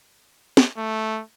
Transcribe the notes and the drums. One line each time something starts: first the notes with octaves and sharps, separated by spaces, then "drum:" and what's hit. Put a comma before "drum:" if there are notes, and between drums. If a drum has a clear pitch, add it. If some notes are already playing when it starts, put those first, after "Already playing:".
drum: snare
A3